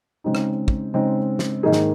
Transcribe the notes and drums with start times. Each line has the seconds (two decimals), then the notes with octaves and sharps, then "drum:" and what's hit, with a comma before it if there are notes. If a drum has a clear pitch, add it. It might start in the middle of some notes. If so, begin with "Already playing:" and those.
0.24 C#3 G#3 C4 D#4
0.35 drum: rim click
0.68 drum: kick
0.94 C#3 G#3 C4 D#4
1.39 drum: snare
1.63 G#2 D#3 A#3 D#4 G#4
1.72 drum: snare